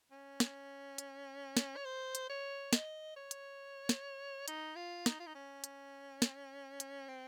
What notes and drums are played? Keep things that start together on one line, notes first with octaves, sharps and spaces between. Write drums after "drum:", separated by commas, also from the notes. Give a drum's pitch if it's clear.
C#4
drum: snare
drum: hi-hat
drum: snare
C#5
C5
drum: hi-hat
C#5
D#5, drum: snare
C#5
drum: hi-hat
drum: snare
D#4, drum: hi-hat
F4
D#4, drum: snare
F4
D#4
C#4
drum: hi-hat
drum: snare
drum: hi-hat
C4